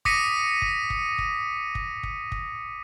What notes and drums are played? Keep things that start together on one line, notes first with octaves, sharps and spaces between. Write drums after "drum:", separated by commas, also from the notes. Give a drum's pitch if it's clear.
D6 D#6 A#6 B6 C#7 D#7, drum: kick
drum: kick
drum: kick
drum: kick
drum: kick
drum: kick
drum: kick